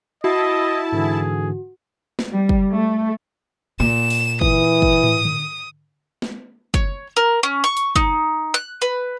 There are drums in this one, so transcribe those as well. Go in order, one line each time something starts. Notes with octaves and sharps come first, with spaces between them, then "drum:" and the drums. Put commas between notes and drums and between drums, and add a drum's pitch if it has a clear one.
E4 F#4 D#5 A5
G#2 D3 E3 G#4
drum: snare
G3
drum: kick
A3
A#2 E7
drum: open hi-hat
E3 D#6, drum: kick
drum: kick
drum: tom
drum: tom D3
drum: snare
C#5, drum: kick
A#4
C#4
C#6
drum: hi-hat
D#4, drum: kick
F#6
B4